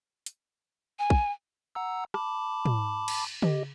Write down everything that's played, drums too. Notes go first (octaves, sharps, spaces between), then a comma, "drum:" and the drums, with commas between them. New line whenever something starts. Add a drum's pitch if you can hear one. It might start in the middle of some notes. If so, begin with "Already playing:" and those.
drum: hi-hat
G#5
drum: kick
F#5 A#5 E6
A5 B5 D6, drum: rim click
drum: tom
drum: cymbal
G4 D#5, drum: tom